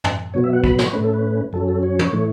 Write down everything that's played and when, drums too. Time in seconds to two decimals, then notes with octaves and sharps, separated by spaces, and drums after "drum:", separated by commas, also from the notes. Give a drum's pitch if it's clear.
0.04 drum: tom
0.34 B2 F#3 B3 C#5
0.44 E5
0.53 F#5
0.64 B5, drum: kick
0.78 C#5, drum: snare
0.93 A2 A3 C#4 B4
1.04 A4
1.13 B4
1.53 F#2 F#3 C#4 A4
1.68 A4
1.83 C#5
1.99 drum: tom
2.13 A2 E3 A3